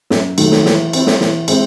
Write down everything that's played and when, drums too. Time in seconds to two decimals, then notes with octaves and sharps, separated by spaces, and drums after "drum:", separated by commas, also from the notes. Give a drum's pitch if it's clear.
0.10 F#2, drum: snare
0.38 D#3 F#3 A3, drum: cymbal
0.51 drum: snare
0.65 E3, drum: snare
0.93 C4 E4, drum: cymbal
1.07 drum: snare
1.21 E3, drum: snare
1.48 G#3 C4 E4, drum: cymbal